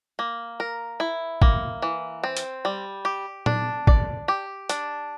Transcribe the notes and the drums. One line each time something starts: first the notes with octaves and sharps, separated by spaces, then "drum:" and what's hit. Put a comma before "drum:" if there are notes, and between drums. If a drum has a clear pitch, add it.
A#3
A#4
E4
A#3, drum: kick
E3
C4
drum: hi-hat
G3
G4
D4, drum: tom A#2
D5, drum: kick
G4
D4, drum: hi-hat